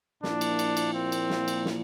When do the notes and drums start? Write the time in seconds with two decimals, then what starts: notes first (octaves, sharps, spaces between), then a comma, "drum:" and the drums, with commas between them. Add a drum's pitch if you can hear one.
0.23 A#2 F3 A#3 D4 E4, drum: snare
0.41 drum: cymbal
0.59 drum: cymbal
0.77 drum: cymbal
0.94 C4
1.12 drum: cymbal
1.30 drum: snare
1.48 drum: cymbal
1.65 drum: snare